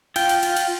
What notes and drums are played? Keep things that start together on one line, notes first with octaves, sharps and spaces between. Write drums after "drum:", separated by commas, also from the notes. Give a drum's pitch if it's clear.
F4 G5, drum: cymbal
drum: cymbal
F4, drum: cymbal
drum: cymbal